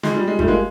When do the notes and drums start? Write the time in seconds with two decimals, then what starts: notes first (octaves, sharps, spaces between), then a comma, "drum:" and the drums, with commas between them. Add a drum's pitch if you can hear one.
0.03 G#3, drum: snare
0.15 G3
0.28 G#3
0.39 G3 A3, drum: kick
0.48 G#3 A#3